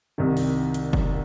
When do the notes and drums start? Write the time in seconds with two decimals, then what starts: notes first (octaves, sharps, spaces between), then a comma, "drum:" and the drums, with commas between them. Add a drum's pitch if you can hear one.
0.18 C2 C3 D#3
0.37 drum: open hi-hat
0.74 drum: hi-hat
0.93 drum: kick